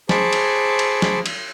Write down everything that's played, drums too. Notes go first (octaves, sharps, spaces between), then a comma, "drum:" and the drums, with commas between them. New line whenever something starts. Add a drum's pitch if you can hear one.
G#4 C5 A5 B5 C#6 D6, drum: snare
drum: cymbal
drum: cymbal
drum: snare
drum: cymbal